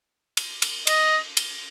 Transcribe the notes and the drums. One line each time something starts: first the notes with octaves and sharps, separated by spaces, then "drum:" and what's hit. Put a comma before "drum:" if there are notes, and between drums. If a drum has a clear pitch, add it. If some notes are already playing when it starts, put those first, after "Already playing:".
drum: cymbal
drum: cymbal
D#5, drum: cymbal
drum: cymbal